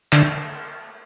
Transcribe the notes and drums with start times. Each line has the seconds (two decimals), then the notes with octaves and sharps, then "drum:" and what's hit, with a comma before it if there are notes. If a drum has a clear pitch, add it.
0.13 D3, drum: clap